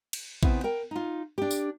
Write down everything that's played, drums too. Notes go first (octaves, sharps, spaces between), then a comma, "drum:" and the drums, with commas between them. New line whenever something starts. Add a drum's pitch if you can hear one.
drum: cymbal
C#3 B3 C4 E4, drum: kick A#1
A#4 G5
D#4 F4
D4 G4
drum: tambourine